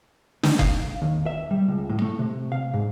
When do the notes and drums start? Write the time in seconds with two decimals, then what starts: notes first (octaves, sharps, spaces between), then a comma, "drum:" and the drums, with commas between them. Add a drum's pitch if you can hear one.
0.43 D#4, drum: snare
0.59 F5, drum: kick F#1
1.02 D#2
1.26 E5
1.51 G3
1.68 C#2
1.89 A2
2.02 A3
2.19 C3
2.52 F5
2.74 G#2